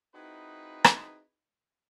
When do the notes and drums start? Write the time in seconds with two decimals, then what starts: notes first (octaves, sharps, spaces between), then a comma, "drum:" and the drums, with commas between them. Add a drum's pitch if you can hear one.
0.15 C4 D#4 E4 F#4 G#4 B4
0.84 drum: rim click